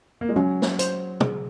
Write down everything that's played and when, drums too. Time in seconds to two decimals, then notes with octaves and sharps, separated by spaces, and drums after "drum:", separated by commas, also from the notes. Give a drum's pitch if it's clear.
0.21 A#3
0.29 G#3
0.36 F#3 C#4
0.62 drum: snare
0.79 C5, drum: hi-hat
1.20 G#4, drum: tom